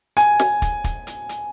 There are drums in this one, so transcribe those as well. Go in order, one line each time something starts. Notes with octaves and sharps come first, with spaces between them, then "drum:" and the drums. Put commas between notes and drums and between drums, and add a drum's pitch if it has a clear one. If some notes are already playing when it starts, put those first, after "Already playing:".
G#5, drum: hi-hat
drum: snare
drum: kick, hi-hat
drum: kick, hi-hat
drum: hi-hat
drum: hi-hat